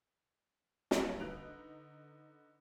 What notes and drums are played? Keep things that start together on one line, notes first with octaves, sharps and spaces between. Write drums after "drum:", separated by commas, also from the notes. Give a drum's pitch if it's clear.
G2 F#3 C#4, drum: snare
D3 D#4 B4 F#6 D7 F7